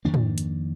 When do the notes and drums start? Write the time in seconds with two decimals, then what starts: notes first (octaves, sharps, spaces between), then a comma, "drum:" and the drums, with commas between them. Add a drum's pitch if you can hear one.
0.05 F2 D#3 A#3 D4
0.14 drum: tom
0.38 drum: hi-hat